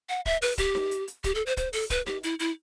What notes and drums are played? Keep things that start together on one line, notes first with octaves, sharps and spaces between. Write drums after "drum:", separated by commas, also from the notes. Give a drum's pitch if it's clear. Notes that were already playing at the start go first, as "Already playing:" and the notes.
F#5
E5, drum: kick
B4, drum: open hi-hat
G4, drum: kick, hi-hat
drum: snare D#4
drum: hi-hat
drum: hi-hat
G4, drum: kick, hi-hat
A4
C5
C5, drum: kick, hi-hat
A4, drum: open hi-hat
B4, drum: kick, hi-hat
G4, drum: snare D#4
E4, drum: hi-hat
E4, drum: hi-hat